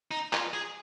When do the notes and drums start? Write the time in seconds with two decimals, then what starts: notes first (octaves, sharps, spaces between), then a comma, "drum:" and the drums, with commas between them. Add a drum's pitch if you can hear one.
0.11 D#4
0.33 F4, drum: clap
0.54 G#4